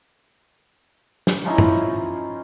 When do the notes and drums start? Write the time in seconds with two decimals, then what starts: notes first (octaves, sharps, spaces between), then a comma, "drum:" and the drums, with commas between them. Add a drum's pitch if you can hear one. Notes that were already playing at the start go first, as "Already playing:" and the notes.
1.27 drum: snare
1.45 F3 C#4 D#4 E4
1.58 drum: tom G2